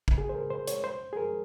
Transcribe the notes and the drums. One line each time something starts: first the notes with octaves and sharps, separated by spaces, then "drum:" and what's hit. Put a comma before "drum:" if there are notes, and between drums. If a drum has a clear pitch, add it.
drum: kick
G#4
C5
A#4
C5
C#5, drum: hi-hat
C5
G#4
A#4